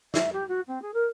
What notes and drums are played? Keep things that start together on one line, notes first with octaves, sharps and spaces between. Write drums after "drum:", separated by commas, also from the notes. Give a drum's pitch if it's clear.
E5, drum: snare
G4
F#4
C4
G#4
A#4